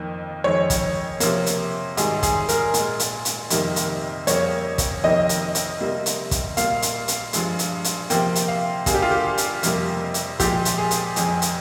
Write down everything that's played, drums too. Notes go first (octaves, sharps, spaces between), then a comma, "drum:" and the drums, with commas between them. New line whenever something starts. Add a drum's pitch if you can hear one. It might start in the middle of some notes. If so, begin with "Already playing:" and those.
Already playing: F2 D#3 A#3
F2 D#3 G#3 C#5
drum: kick, hi-hat
C3 F3 A#3, drum: hi-hat
drum: hi-hat
G#2 D#3 G3 G#4, drum: hi-hat
G#4, drum: kick, hi-hat
A#4, drum: hi-hat
A#2 G#3, drum: hi-hat
drum: hi-hat
drum: hi-hat
F2 C3 D#3 G3 A#3, drum: hi-hat
drum: hi-hat
F2 C#3 G3 A#3 C#5, drum: hi-hat
drum: kick, hi-hat
F2 C3 D#3 A#3 D#5
drum: hi-hat
drum: hi-hat
C3 G3 A#3
drum: hi-hat
drum: kick, hi-hat
A#2 G3 A#3 F5, drum: hi-hat
drum: hi-hat
drum: hi-hat
G2 F3 G#3, drum: hi-hat
drum: hi-hat
drum: hi-hat
C3 F3 A#3 G5, drum: hi-hat
drum: hi-hat
F5
G2 G3 A#3 G#4, drum: kick, hi-hat
G4
F4
G4
drum: hi-hat
F2 C3 G3 A#3, drum: hi-hat
drum: hi-hat
A#2 F3 G#3 G4, drum: kick, hi-hat
drum: hi-hat
G#4
drum: hi-hat
F2 C#3 G#3, drum: hi-hat
drum: hi-hat